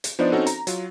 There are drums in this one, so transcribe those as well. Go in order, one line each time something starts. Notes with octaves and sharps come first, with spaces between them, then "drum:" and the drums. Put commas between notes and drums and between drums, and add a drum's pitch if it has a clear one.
drum: hi-hat
F3 B3 D4 D#4 C5 D5
C4 C#4 D#4 F#4 A4
A#5, drum: hi-hat
F#3 F4, drum: hi-hat